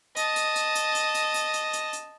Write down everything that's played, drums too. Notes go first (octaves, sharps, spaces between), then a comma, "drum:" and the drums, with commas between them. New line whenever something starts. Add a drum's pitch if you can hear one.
D#5 A5, drum: hi-hat
drum: hi-hat
drum: hi-hat
drum: hi-hat
drum: hi-hat
drum: hi-hat
drum: hi-hat
drum: hi-hat
drum: hi-hat
drum: hi-hat